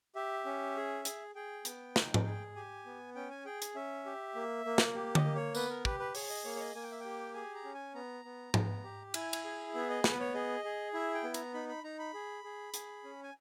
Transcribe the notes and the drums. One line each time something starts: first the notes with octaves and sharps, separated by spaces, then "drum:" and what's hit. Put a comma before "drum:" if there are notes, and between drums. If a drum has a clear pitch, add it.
G4 E5
C#4
G#4
G#4, drum: hi-hat
G#4 G5
B3, drum: hi-hat
D#4, drum: snare
drum: tom G#2
G#4
G4 G#5
B3
C#4 G5
G#5
G#4 G5
drum: hi-hat
C#4 E5
G4
A#3
A#3
drum: snare
G4
D#5, drum: tom D3
A#3
C#5
B3 B4, drum: tambourine
A#4
G4 B4, drum: kick
B4
G#4 C#5, drum: open hi-hat
D#5
A#3 C#5
C#5
D#5
A#3 G#5
G5
E5
G4 G5
G#4 G#5
A#5
C#4
G#5
B3 A#5
B3
B3, drum: tom G#2
G4
E4 G#5, drum: cymbal
drum: cymbal
G#4
B3 E5
D#5
B3 B4, drum: snare
C#5
G#4 D#5
G#4
E4 E5
G5
B3
A#5, drum: hi-hat
D#4 B5
B5
D#4 A#5
B5
G#4
G#4
G#4, drum: hi-hat
C#4
G#5